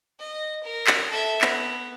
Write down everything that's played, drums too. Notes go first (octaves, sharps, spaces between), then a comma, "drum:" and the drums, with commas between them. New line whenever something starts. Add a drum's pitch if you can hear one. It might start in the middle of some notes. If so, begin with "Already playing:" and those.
D#5
A#4
drum: clap
A4 E5
B3, drum: clap